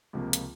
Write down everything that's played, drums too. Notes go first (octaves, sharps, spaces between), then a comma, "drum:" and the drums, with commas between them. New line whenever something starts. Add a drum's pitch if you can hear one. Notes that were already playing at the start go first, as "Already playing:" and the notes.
C#2 C3 F3 A#3
drum: hi-hat